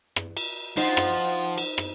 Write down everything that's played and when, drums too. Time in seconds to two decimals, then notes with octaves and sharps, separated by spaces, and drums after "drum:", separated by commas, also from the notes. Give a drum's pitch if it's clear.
0.16 drum: rim click
0.37 drum: cymbal
0.77 F3 D#4 C5 F#5, drum: cymbal
0.97 drum: rim click
1.58 drum: cymbal
1.78 drum: rim click